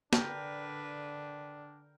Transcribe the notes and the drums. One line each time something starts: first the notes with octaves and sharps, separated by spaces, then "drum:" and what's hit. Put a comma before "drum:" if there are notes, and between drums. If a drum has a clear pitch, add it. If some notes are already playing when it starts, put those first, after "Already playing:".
D3 D4 A#4 B4 G5, drum: snare